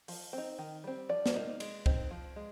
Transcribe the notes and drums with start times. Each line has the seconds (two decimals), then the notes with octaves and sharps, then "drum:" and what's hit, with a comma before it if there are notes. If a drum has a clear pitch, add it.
0.08 F3, drum: open hi-hat
0.33 C4 D#4
0.59 D#3
0.84 G3 C4
1.09 F3 D5
1.26 drum: snare
1.35 A#3 D#4
1.60 G#3, drum: cymbal
1.86 C4 D#4, drum: kick C2
2.11 F3
2.36 G#3